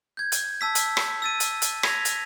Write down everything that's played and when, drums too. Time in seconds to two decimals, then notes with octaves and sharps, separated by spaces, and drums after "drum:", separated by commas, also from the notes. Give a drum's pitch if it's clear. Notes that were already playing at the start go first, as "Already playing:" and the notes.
0.17 G6 G#6
0.32 drum: hi-hat
0.61 A5 E6 B6
0.75 drum: hi-hat
0.97 drum: rim click
1.22 E6 A6 D#7
1.40 drum: hi-hat
1.62 drum: hi-hat
1.83 G#6 A#6 B6 F7, drum: rim click
2.05 drum: hi-hat